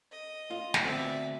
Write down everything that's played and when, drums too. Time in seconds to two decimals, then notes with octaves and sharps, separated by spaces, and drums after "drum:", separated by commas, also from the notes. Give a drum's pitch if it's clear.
0.12 D#5
0.51 F4
0.74 drum: snare
0.84 D2 B3 C4 D5 E5